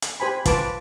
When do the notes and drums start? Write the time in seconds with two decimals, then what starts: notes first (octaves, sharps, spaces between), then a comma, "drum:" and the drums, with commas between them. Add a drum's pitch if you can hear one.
0.02 drum: hi-hat
0.20 G4 C5 G#5 B5
0.45 F4 B4 A5 D6, drum: kick, hi-hat